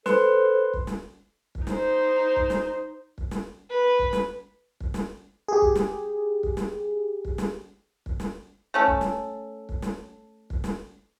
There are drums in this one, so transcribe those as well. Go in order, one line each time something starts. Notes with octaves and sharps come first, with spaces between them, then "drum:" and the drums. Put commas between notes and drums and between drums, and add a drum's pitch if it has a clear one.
A4 B4 C5 C6, drum: snare
drum: kick
drum: snare
drum: kick
D#4 C5, drum: snare
drum: kick
drum: snare
drum: kick
drum: snare
B4
drum: kick
drum: snare
drum: kick
drum: snare
G4 G#4
drum: kick
drum: snare
drum: kick
drum: snare
drum: kick
drum: snare
drum: kick
drum: snare
A3 C#4 A4
drum: kick
drum: snare
drum: kick
drum: snare
drum: kick
drum: snare